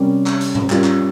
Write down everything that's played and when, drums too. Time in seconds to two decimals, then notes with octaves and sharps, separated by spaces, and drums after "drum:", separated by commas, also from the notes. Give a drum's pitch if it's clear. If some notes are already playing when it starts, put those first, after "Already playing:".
Already playing: C3 G3 C#4 G4 A#4
0.26 drum: clap
0.41 drum: hi-hat
0.55 drum: tom G#2
0.70 G3 C#4 F4 A#4, drum: clap
0.84 drum: clap